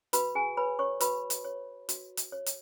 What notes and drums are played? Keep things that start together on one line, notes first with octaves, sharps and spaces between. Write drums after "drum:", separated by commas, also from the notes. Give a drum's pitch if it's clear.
F#4 B4 B5, drum: hi-hat
G#4 G#5
B4 C#5 B5
C#5 C#6
F#4 B4 B5, drum: hi-hat
drum: hi-hat
C#5
F#4, drum: hi-hat
drum: hi-hat
C#5
drum: hi-hat